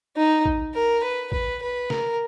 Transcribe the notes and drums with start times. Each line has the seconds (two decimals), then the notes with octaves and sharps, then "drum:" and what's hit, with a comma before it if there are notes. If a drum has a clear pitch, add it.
0.17 D#4
0.45 drum: kick A1
0.74 A#4
1.03 B4
1.32 B4, drum: kick A1
1.62 B4
1.90 A#4, drum: snare